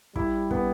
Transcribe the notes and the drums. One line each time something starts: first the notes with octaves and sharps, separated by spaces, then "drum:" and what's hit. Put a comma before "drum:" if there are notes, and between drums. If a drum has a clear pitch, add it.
G3 E4, drum: kick
B3, drum: kick